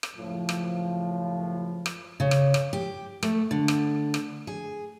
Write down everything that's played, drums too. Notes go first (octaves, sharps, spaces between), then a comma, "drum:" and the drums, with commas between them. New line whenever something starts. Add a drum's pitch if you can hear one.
drum: rim click
C#2 F#2 A2 F3
drum: rim click
drum: rim click
C#3
drum: rim click
drum: rim click
G4
A3, drum: rim click
D3
drum: rim click
drum: rim click
G#4